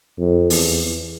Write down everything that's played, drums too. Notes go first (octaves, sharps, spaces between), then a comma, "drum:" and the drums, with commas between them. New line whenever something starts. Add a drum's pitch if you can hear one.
F2
E2, drum: open hi-hat